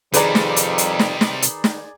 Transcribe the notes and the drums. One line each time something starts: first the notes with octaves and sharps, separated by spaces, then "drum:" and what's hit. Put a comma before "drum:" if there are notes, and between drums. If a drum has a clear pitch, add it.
F2 C3 D#3 G3 G#4 B4 D5 A#5, drum: hi-hat
drum: snare
drum: hi-hat
drum: hi-hat
drum: snare
drum: snare
drum: hi-hat
drum: snare